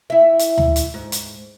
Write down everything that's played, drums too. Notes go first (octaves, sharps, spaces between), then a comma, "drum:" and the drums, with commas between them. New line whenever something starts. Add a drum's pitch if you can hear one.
E4 E5
drum: hi-hat
drum: tom D2
drum: hi-hat
G#2
drum: hi-hat